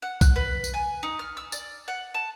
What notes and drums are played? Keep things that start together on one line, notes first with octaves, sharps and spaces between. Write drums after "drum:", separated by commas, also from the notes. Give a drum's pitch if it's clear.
F#5
F#6, drum: kick B1, tambourine
B4
drum: tambourine
G#5
D#4
F6
E6
D5, drum: tambourine
F#5
A5